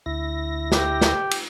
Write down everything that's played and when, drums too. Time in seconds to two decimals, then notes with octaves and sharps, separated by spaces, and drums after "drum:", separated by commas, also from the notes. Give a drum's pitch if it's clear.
0.06 D2 E4 A#6
0.72 G4, drum: snare
1.01 drum: snare
1.31 drum: cymbal